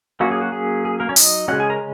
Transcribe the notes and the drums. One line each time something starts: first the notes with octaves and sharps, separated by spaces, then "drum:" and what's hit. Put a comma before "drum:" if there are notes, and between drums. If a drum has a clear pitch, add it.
F#3 A#3 C#4 F#4
G#4
F#4
G#4
G#4
A#3 A#4
C#4 C#5
D#4 D#5, drum: open hi-hat
C#3 G#3 C#4 F#4 F#5
G#4 G#5
A#4 A#5